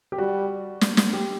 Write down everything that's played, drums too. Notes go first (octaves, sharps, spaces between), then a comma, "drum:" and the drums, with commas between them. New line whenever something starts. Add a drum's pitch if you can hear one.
G4
G3 F#4
drum: snare
drum: snare
G4